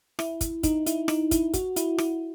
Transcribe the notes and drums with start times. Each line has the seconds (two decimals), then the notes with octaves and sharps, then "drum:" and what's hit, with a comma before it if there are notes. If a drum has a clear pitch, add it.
0.19 E4, drum: rim click
0.41 drum: kick, hi-hat
0.63 D#4, drum: kick, hi-hat
0.86 E4, drum: hi-hat
1.08 D#4, drum: rim click
1.31 E4, drum: kick, hi-hat
1.54 F#4, drum: kick, hi-hat
1.76 E4, drum: hi-hat
1.98 E4, drum: rim click